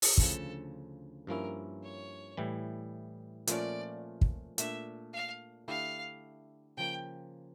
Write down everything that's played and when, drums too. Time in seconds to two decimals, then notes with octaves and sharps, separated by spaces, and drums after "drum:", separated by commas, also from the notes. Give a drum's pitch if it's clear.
0.02 drum: open hi-hat
0.18 D2 C#3 F3 A4, drum: kick
1.27 G2 F3 A#3 C#4 E4 A#4
1.83 C#5
2.37 A2 E3 G3
3.47 A#2 F3 A3 C#4 F4 D5, drum: hi-hat
4.21 drum: kick
4.58 A#2 A3 D4 E5, drum: hi-hat
5.13 F5
5.67 D3 A3 E4 G4 F5
6.77 C#3 F3 A#3 G5